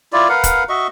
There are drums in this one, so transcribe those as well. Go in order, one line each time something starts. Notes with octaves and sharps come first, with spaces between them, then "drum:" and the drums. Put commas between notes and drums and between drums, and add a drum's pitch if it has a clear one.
E4 F4 D5
A#4 B4 F5 F#5
drum: kick, hi-hat
F#4 D#5 E5 C#6